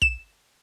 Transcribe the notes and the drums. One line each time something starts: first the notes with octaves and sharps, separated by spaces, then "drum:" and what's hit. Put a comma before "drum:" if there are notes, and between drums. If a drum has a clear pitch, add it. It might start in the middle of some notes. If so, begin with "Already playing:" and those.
E7, drum: kick